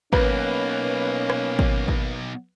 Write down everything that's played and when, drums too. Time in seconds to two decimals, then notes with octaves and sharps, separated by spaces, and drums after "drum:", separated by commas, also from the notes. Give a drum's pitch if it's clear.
0.13 B1 A#3 C#4 B4, drum: kick G#1
1.30 drum: rim click
1.59 drum: kick G#1
1.88 drum: kick G#1